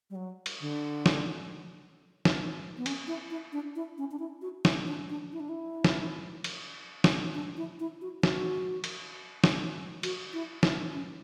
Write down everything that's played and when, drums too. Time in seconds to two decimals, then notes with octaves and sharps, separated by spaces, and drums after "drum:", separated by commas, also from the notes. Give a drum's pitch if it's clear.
0.10 G3
0.16 F#3
0.46 drum: cymbal
0.60 D3
1.06 drum: snare
2.25 drum: snare
2.77 B3
2.86 C#4, drum: cymbal
3.07 E4
3.30 E4
3.53 D4
3.76 E4
3.98 C#4
4.11 D4
4.19 E4
4.42 F#4
4.65 E4, drum: snare
4.87 D4
5.10 D4
5.33 E4
5.40 D4
5.49 E4
5.84 drum: snare
6.44 drum: cymbal
7.04 drum: snare
7.34 D4
7.57 E4
7.80 E4
8.01 F#4
8.23 F#4, drum: snare
8.84 drum: cymbal
9.44 drum: snare
10.03 F#4, drum: cymbal
10.33 E4
10.63 E4, drum: snare
10.93 C#4